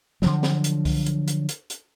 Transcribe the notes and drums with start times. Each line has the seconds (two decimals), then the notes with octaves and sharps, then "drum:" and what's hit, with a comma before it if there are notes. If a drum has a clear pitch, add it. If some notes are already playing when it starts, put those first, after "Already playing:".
0.22 D3 F3 F#3, drum: snare
0.43 drum: snare
0.64 drum: hi-hat
0.85 drum: kick C2, open hi-hat
1.06 drum: hi-hat
1.28 drum: hi-hat
1.49 drum: hi-hat
1.70 drum: hi-hat